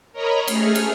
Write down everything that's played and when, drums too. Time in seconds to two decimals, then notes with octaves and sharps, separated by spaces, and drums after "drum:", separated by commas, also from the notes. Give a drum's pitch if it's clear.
0.13 A#4 C#5 D#5 A#5 B5
0.48 A3 G#4 F6, drum: cymbal
0.75 drum: cymbal